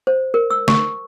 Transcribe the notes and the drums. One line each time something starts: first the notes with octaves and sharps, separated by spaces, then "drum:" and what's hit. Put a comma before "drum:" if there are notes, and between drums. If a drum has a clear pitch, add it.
C5
A#4
E6
C#6, drum: snare